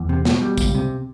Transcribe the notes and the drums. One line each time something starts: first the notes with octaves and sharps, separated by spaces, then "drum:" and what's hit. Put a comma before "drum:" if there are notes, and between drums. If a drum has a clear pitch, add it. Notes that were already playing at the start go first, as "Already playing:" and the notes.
Already playing: E2
C3
B2, drum: snare
G3
C#2, drum: kick, tambourine
C3